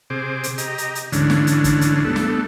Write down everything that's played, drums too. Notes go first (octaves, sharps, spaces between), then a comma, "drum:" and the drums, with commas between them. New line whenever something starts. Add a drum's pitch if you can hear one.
C3 G#4 C5 D6
drum: hi-hat
G4 D#5 A#5, drum: hi-hat
drum: hi-hat
drum: hi-hat
D2 G#2 D3 E3 C#4 D4, drum: hi-hat
drum: snare
drum: hi-hat
drum: kick, hi-hat
drum: hi-hat
G3 A3 B3 D4 A4
drum: snare